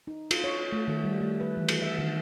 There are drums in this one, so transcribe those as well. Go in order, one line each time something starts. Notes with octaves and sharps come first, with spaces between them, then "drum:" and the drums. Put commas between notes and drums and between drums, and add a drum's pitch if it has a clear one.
D#4
F4, drum: cymbal
C#5
A3
D#3
G3
A3
B4
E3
drum: cymbal
E5
D#3